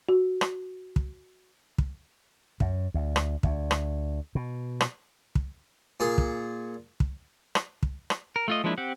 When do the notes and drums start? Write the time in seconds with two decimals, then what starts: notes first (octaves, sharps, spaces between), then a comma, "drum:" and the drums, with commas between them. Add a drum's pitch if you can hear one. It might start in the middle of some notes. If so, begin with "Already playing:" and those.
0.09 F#4
0.41 drum: rim click
0.96 drum: kick
1.78 drum: kick
2.60 F#2, drum: kick
2.94 D2
3.16 drum: rim click
3.43 D2, drum: kick
3.71 drum: rim click
4.35 B2
4.81 drum: rim click
5.35 drum: kick
6.00 A#2 G#4
6.18 drum: kick
7.00 drum: kick
7.55 drum: rim click
7.83 drum: kick
8.10 drum: rim click
8.36 A#4
8.48 A3 F4 D#5
8.64 F3 G#3 A#3 D4 E4
8.78 C4 G4 F#5